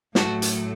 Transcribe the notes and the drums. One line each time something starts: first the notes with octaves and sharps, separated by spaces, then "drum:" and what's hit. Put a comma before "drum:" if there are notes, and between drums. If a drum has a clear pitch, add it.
A2 F#3 A3 F#4 A4, drum: snare
drum: hi-hat